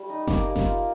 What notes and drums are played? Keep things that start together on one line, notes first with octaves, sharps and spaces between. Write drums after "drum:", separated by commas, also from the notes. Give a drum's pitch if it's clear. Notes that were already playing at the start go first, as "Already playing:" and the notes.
Already playing: G3 A3
D#4
A#3 D6, drum: snare F#1
A#3
drum: snare F#1
F4